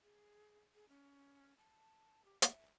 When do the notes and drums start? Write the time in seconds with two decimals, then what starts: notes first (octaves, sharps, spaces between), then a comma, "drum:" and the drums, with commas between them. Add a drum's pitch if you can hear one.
0.03 G#4
0.74 G#4
0.89 C#4
1.58 A5
2.25 G4
2.42 E5, drum: hi-hat